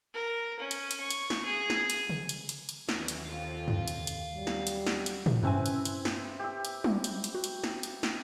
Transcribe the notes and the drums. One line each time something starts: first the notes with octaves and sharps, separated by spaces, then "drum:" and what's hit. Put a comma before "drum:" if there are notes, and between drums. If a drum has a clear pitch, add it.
A#4
C#4
drum: hi-hat
drum: hi-hat
C#6
drum: hi-hat
drum: snare
G#4
drum: snare
drum: hi-hat
drum: tom C3
drum: hi-hat
drum: hi-hat
drum: hi-hat
D#2 D3 E3 F#4 C#5, drum: snare
drum: hi-hat
F2 F5 C6
drum: tom
drum: hi-hat
drum: hi-hat
F#3 G3
drum: snare
drum: hi-hat
drum: snare
drum: hi-hat
drum: tom
G2 C4 C#4 E4 B4 G#5
drum: hi-hat
drum: hi-hat
drum: snare
G4 E6
drum: hi-hat
drum: tom
drum: hi-hat
drum: hi-hat
F#4
drum: hi-hat
drum: snare
drum: hi-hat
drum: snare